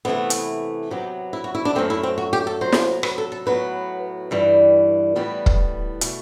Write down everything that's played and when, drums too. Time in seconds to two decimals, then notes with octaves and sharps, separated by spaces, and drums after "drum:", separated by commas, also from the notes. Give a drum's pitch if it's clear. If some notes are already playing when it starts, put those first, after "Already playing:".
0.05 C3 E3 A3 B3
0.30 drum: hi-hat
0.91 C3 F#3 B3 G4
1.33 E4
1.44 F#4
1.55 E4
1.65 D4
1.75 F#2 F#3 A3 C4
1.90 E4
2.03 C4
2.18 F#4
2.33 G4
2.47 A4
2.61 C3 F#3 B3 C5
2.72 drum: snare
3.03 B4, drum: rim click
3.18 A4
3.32 A4
3.46 A2 F#3 B3 B4
4.31 G2 E3 G3
5.16 A2 E3 G3 B3 B4
5.46 drum: kick
6.01 B2 A3, drum: hi-hat